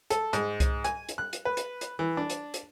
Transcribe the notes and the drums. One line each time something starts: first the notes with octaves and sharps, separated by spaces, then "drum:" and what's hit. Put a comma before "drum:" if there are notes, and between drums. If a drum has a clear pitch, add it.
A4, drum: hi-hat
G#2, drum: hi-hat
drum: kick C2, hi-hat
G#5, drum: hi-hat
drum: hi-hat
F#6
drum: hi-hat
B4
drum: hi-hat
drum: hi-hat
E3
D4
drum: hi-hat
drum: hi-hat